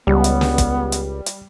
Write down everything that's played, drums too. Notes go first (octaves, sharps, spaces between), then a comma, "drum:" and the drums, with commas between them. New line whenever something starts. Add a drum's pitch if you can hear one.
C#2 G3 B3
drum: hi-hat
drum: snare
drum: kick, hi-hat
drum: hi-hat
drum: hi-hat